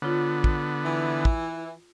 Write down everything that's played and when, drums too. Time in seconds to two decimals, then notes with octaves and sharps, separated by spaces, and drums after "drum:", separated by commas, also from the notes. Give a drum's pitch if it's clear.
0.02 D3 B3 F4 C#5
0.44 drum: kick
0.85 E3
1.25 drum: kick